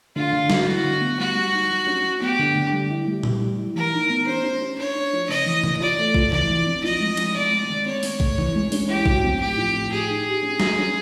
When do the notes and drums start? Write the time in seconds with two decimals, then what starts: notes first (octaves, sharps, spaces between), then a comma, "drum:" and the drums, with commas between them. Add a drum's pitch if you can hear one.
0.16 D3 F4
0.32 D3
0.50 F#3, drum: snare
0.67 E4 F#4
0.84 D3
1.01 B3
1.19 G3 F#4
1.35 G3
1.53 D#4
1.71 F#3
1.87 C#4
2.04 F#3
2.21 B3 G4
2.39 D3
2.55 D3
2.73 G3
2.90 E4
3.07 G3
3.23 G3, drum: tom A#2
3.41 G3
3.58 E4
3.76 E3 A#4
3.93 D#4
4.09 B3
4.26 C#4 C5
4.43 C#4
4.60 C#4
4.79 D4 C#5
4.95 D4
5.13 F3
5.29 C#3 D#5
5.46 E3
5.64 E3, drum: tom C3
5.80 F4 D5
5.98 A3
6.14 F4, drum: kick A1
6.32 E3 D5, drum: tom C3
6.49 E3
6.66 C4
6.84 F3 D#5
7.00 G#3
7.17 F3, drum: cymbal
7.36 C3 D5
7.52 G#3
7.70 D#3
7.86 C4 C#5
8.03 C4, drum: open hi-hat
8.20 A3, drum: kick A1
8.38 E3, drum: tom C3
8.55 G#3
8.72 C#4, drum: open hi-hat
8.89 E4 G4
9.06 F#3, drum: kick A1
9.24 C4
9.40 A2 G4
9.58 F3
9.74 A2
9.91 G4 G#4
10.09 D#4
10.27 G4
10.42 C#4
10.60 F#4, drum: snare
10.78 C#4